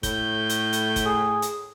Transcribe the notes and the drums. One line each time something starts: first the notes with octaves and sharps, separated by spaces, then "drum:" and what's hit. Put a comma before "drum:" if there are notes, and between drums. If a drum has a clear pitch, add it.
A2 G6, drum: kick G1, hi-hat
drum: hi-hat
drum: hi-hat
drum: kick G1, hi-hat
G#4
drum: hi-hat